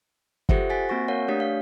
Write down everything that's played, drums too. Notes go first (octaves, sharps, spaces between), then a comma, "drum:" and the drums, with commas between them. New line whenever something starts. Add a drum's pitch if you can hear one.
F4 G4 A4 C5 E5 F#5, drum: kick
C5 F#5 G#5 A6 B6
A#3 C4 F#4 G#5 C#6 A#6
A#4 C#5 F5 F#5
A3 D4 G4 C#5 D5 B6
F5